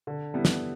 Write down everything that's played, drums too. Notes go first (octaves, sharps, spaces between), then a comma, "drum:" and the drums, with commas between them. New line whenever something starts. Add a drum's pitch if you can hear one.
D3
G3 B3 E4
drum: snare